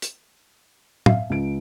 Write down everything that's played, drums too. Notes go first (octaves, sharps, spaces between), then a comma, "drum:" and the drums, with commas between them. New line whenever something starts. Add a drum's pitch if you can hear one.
drum: hi-hat
E5 F5, drum: tom
C#2 D7